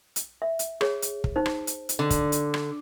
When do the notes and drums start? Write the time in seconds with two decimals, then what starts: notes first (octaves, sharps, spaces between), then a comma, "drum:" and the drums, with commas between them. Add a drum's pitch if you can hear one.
0.16 drum: hi-hat
0.42 E5
0.59 drum: hi-hat
0.81 G#4 C#5, drum: rim click
1.02 drum: hi-hat
1.24 drum: kick
1.36 D#4 C5
1.46 drum: rim click
1.67 drum: hi-hat
1.89 drum: hi-hat
1.99 D3
2.10 drum: kick, hi-hat
2.32 drum: hi-hat
2.54 drum: rim click